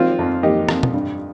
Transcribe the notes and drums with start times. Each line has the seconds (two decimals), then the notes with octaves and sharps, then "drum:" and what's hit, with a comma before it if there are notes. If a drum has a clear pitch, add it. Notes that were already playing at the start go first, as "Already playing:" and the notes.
Already playing: D#3 C4 F4
0.19 F2
0.43 A#3 D#4 G4
0.69 F2, drum: rim click
0.83 drum: tom B2
0.94 G2